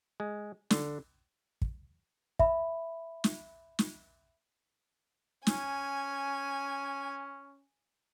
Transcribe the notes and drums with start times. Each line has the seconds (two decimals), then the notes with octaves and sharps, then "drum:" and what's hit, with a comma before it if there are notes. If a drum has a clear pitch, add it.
0.20 G#3
0.71 D3, drum: snare
1.62 drum: kick
2.39 E5 B5, drum: kick
3.24 drum: snare
3.79 drum: snare
5.47 C#4 G#5, drum: snare